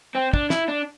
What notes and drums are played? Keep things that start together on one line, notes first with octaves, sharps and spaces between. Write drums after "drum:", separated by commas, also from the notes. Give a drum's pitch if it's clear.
C4
D4, drum: kick
E4, drum: snare
D4